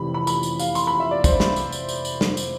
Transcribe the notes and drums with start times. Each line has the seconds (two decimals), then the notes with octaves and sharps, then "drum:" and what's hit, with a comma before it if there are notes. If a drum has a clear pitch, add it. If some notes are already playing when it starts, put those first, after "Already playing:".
Already playing: F1 F2 C3 E3 B5
0.14 B5
0.27 B5, drum: tambourine
0.43 drum: tambourine
0.60 F5, drum: tambourine
0.75 C6, drum: tambourine
0.87 B5
1.00 E5
1.11 D5
1.24 C5, drum: kick, tambourine
1.40 drum: snare
1.56 drum: tambourine
1.72 drum: tambourine
1.89 drum: tambourine
2.05 drum: tambourine
2.21 drum: snare
2.37 drum: tambourine